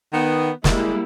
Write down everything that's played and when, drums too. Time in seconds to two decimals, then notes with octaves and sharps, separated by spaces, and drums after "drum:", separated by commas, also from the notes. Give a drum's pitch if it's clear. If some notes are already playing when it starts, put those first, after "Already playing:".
0.13 D#3 B3
0.64 G3 G#3 A#3 E4, drum: snare